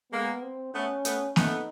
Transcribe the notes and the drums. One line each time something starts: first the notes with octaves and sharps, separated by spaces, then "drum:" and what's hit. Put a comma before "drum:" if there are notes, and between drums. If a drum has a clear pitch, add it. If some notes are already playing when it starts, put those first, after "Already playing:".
G#3 A#3 B3
C4
A3 B3 C#4
A3 B3, drum: hi-hat
A3 B3 D#4, drum: snare A#3